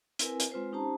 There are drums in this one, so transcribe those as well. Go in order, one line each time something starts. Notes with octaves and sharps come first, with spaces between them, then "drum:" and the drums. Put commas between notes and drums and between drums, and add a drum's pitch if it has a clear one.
C4 E4 A#4 B4 G#5, drum: hi-hat
drum: hi-hat
G#3 C4 F4 B4 C5
C#4 D#4 G4 C5 A5 A#5